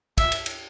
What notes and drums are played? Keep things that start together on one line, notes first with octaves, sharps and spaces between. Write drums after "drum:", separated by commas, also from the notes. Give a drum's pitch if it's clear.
E5, drum: kick, cymbal
drum: cymbal
drum: cymbal